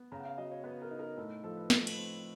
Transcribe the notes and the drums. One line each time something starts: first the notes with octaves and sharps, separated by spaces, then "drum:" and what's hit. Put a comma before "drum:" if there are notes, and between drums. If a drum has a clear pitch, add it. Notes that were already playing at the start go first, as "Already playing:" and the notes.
Already playing: B3
C#3 A#5
F#5
F5
F#3 D#5
C#5
B3 B4
A#4
D#4
A#4
A2 A4
F3 A4
B4
A3 B4, drum: snare
drum: cymbal
C4